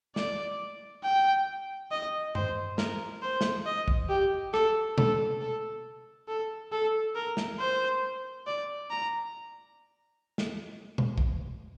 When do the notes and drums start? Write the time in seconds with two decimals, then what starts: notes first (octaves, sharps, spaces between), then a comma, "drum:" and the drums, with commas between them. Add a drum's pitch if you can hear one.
0.16 D5, drum: snare
1.04 G5
1.91 D#5
2.35 C5, drum: tom G2
2.78 A#4, drum: snare
3.22 C5
3.41 drum: snare
3.66 D#5
3.88 drum: kick
4.09 G4
4.54 A4, drum: rim click
4.98 A4, drum: tom B2
5.41 A4
6.28 A4
6.72 A4
7.15 A#4
7.37 drum: snare
7.60 C5
8.47 D5
8.90 A#5
10.38 drum: snare
10.98 drum: tom B2
11.18 drum: kick